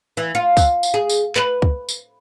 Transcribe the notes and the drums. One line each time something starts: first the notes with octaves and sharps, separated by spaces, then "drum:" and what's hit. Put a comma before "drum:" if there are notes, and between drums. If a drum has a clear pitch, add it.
E3
F4
drum: kick, tambourine
drum: tambourine
G#4
drum: tambourine
B4, drum: clap
drum: kick
drum: tambourine